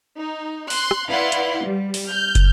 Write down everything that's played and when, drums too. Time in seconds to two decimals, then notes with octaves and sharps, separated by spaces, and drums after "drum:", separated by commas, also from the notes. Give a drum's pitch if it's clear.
0.18 D#4
0.70 C6 F#6, drum: open hi-hat
0.91 drum: rim click
1.08 E4 B4 D5 F5 F#5 C6
1.32 drum: hi-hat
1.66 G3
1.94 drum: open hi-hat
2.07 F6 G6
2.35 drum: kick, hi-hat